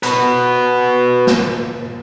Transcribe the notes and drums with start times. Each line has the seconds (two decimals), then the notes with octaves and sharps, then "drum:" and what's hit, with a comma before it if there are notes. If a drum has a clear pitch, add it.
0.03 F#4 B4, drum: hi-hat
1.27 drum: snare